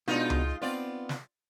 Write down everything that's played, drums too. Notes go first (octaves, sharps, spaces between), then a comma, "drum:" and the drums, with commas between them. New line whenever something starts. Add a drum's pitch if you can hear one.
B2 G#3 B3 D4 D#4 F4
drum: tom C#2
B3 C4 F4 D5
drum: snare